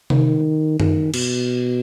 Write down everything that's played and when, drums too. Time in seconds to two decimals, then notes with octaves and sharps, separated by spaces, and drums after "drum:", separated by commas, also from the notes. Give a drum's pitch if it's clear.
0.10 D#3, drum: tom C3
0.80 D#3, drum: tom F#2
1.14 B2, drum: cymbal